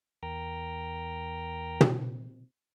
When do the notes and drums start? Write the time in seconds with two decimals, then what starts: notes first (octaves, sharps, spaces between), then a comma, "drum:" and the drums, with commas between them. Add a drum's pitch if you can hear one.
0.23 E2 A#4 G5 A#5
1.81 drum: tom